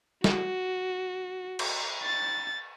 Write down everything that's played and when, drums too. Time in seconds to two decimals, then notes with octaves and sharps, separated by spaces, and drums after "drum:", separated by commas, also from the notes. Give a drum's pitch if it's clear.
0.24 F#4, drum: snare
1.59 drum: cymbal
2.04 A6